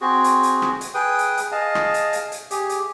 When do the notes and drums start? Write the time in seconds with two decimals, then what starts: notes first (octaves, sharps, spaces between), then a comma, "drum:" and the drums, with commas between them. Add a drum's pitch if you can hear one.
0.01 C4 F#4 G#4
0.24 drum: hi-hat
0.43 drum: hi-hat
0.62 drum: rim click
0.81 drum: hi-hat
0.94 G#4 B4 G5 D#6
1.19 drum: hi-hat
1.37 drum: hi-hat
1.52 G#4 D#5 F5 A5
1.75 drum: rim click
1.94 drum: hi-hat
2.13 drum: hi-hat
2.32 drum: hi-hat
2.51 G4 G#4, drum: hi-hat
2.70 drum: hi-hat